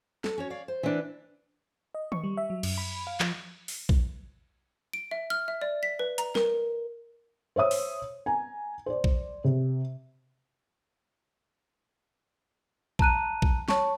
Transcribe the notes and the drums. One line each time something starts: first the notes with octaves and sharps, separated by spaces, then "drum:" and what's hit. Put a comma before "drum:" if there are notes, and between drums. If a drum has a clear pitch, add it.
A4, drum: snare
C#4 F#4 C#5
C#5 D5 F5
C5
E3 D4
D#5
C#6, drum: tom D#3
G3
E5
F#3
F#2, drum: cymbal
B5
F5
F3, drum: clap
drum: open hi-hat
drum: kick A#1
D7
E5
F6
E5
D5
B6
B4
A#5, drum: hi-hat
A#4, drum: snare
C5 C#5 E5 D#6
drum: open hi-hat
G#5 A#5
C5 D5
drum: kick A#1
C3
A5 A#5 F#6 D#7, drum: kick A#1
drum: kick A#1
C#5 A5 C#6, drum: snare